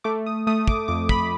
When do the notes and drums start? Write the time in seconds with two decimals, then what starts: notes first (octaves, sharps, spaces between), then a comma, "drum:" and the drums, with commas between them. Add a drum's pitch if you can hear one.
0.04 A3 D6
0.26 D#6
0.47 A3 D#6
0.68 D6, drum: kick
0.88 F2 D6
1.09 B5, drum: kick